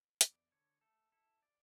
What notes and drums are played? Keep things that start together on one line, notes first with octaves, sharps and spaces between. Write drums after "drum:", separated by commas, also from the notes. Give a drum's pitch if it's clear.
E2 D5, drum: hi-hat
D3 C#5
A3 A4
E4 A4
D5